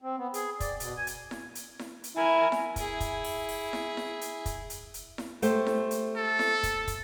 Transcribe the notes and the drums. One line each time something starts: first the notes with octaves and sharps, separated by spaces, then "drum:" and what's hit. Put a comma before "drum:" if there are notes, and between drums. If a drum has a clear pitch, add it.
C4
B3
G#4, drum: hi-hat
D5, drum: kick, hi-hat
B2, drum: hi-hat
G#5
drum: hi-hat
drum: snare E4
drum: hi-hat
drum: snare E4
drum: hi-hat
E4 A#4 G#5
drum: snare E4
E4 G#4, drum: kick, hi-hat
drum: kick, hi-hat
drum: open hi-hat
drum: open hi-hat
drum: snare E4
drum: snare E4
drum: hi-hat
drum: kick, hi-hat
drum: hi-hat
drum: hi-hat
drum: snare E4
A3 G4 C5, drum: hi-hat
drum: snare E4
drum: hi-hat
A4
drum: snare E4
drum: kick, hi-hat
drum: kick, hi-hat